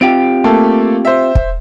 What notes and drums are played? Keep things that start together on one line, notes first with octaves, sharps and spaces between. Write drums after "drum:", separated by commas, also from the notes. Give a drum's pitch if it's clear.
C4 F4 G4 D7
A3 A#3 A4
C5 E5
drum: kick